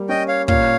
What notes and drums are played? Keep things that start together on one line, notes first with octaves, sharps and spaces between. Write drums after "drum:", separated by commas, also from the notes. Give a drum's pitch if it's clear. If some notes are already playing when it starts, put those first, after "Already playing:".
Already playing: G3 A#3
C#4 D#5 G5
C#5 F5
A#2 C#5 F5, drum: kick